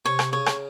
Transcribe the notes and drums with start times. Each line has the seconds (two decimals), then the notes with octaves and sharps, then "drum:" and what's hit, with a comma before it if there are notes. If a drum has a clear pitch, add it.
0.05 C3 C4 C#5
0.19 drum: rim click
0.32 C#3 C#4 C#5
0.46 drum: rim click